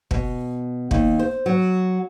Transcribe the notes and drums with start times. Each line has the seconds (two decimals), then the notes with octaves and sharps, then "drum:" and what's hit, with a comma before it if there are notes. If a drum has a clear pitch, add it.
0.11 B2, drum: kick
0.91 D#2, drum: kick
1.19 C5
1.46 F#3